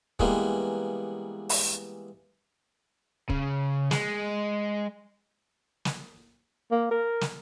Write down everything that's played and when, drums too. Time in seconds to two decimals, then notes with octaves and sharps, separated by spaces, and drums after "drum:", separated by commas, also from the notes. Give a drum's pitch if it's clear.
0.19 E3 G3 G#3 A#3 B3, drum: kick
1.49 drum: open hi-hat
3.30 C#3, drum: kick
3.91 G#3, drum: snare
5.85 drum: snare
6.71 A#3
6.91 A#4
7.21 drum: snare